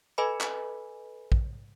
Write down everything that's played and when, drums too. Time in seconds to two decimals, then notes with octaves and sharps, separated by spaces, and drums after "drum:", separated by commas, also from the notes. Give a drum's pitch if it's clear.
0.18 A4 B4 D#5 G#5 B5
0.41 drum: clap
1.32 drum: kick A#1